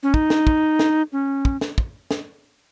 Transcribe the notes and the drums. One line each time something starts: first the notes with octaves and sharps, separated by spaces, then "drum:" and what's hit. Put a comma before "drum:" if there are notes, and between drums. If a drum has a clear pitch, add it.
C#4
D#4, drum: kick
drum: snare
drum: kick
drum: snare
C#4
drum: kick
drum: snare
drum: kick
drum: snare